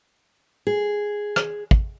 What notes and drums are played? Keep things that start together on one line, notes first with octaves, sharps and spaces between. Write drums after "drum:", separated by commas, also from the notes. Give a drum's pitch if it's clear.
G#4
drum: rim click
drum: kick